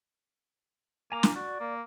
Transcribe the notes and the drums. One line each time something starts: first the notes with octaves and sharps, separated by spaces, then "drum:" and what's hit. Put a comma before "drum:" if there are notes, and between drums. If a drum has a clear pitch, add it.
A#3 G#5 A#5 D6
drum: snare
F#4 D5
A#3